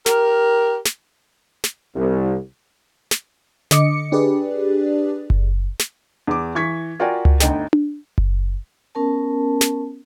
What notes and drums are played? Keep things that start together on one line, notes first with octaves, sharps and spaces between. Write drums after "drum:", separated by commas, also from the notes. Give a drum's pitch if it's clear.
G4 A#4, drum: snare
drum: snare
drum: snare
C2
drum: snare
D3 D#5 D6 C#7, drum: snare
D4 G4 G#4 B4 D5
drum: kick F#1
drum: snare
E2 D6
E3 C#6 G#6 B6
F4 F#4 A#4 D5 G5 G#5
drum: tom C#2
G1 D2 D#4 G5, drum: snare
drum: tom D4
drum: kick F#1
B3 C#4 A#4 A5
drum: snare